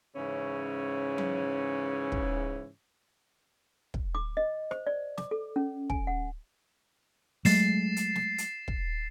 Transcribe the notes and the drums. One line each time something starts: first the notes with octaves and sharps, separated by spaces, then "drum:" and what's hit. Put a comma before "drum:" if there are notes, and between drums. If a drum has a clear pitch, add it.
G#2 C#3 E3 C#4 E4
drum: tom F#3
drum: kick
drum: kick
D6
D#5
C5, drum: rim click
D5
D6, drum: snare
A4
C#4
G#5, drum: kick
F#5
F#3 G#3 A3 A6 C7 E7, drum: open hi-hat
drum: hi-hat
drum: snare
drum: hi-hat
drum: kick